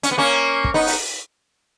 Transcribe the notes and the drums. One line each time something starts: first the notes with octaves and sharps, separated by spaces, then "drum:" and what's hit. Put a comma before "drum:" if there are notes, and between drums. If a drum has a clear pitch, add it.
C#4, drum: hi-hat
B3
A#3 C#4
drum: kick
B3 D#4
drum: open hi-hat